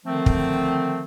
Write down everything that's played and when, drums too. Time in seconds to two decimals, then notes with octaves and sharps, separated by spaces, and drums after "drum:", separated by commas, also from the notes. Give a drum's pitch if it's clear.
0.06 D3 D#3 F3 A3 C4
0.26 drum: kick